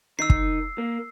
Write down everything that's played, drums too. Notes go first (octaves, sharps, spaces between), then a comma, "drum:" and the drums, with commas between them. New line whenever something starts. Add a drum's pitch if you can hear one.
D#3 D#4 E6 C7
drum: kick
A#3